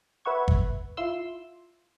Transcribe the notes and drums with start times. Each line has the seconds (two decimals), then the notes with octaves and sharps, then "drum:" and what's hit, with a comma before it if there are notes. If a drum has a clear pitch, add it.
0.25 B4 E5 F#5 C#6 G#6
0.48 drum: kick G1
0.97 E4 F4 C6 E6